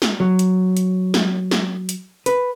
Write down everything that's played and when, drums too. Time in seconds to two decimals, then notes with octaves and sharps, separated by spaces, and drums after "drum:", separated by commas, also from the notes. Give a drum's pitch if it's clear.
0.02 drum: snare
0.20 F#3
0.39 drum: hi-hat
0.77 drum: hi-hat
1.14 drum: snare
1.51 drum: snare
1.89 drum: hi-hat
2.26 B4, drum: hi-hat